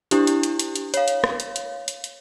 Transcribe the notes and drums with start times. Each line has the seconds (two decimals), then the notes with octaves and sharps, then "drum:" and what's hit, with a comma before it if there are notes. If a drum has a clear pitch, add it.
0.11 D4 E4 G4, drum: hi-hat
0.27 drum: hi-hat
0.43 drum: hi-hat
0.59 drum: hi-hat
0.76 drum: hi-hat
0.94 C#5 F5, drum: hi-hat
1.08 drum: hi-hat
1.24 drum: rim click
1.40 drum: hi-hat
1.56 drum: hi-hat
1.88 drum: hi-hat
2.04 drum: hi-hat